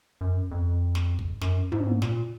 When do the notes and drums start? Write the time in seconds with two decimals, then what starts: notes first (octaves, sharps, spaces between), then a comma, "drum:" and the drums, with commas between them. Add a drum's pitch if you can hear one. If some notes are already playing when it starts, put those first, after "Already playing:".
0.21 F#2
0.51 F2
0.95 drum: snare
1.19 drum: kick
1.41 F#2, drum: snare
1.72 G#2, drum: tom
2.02 A#2, drum: snare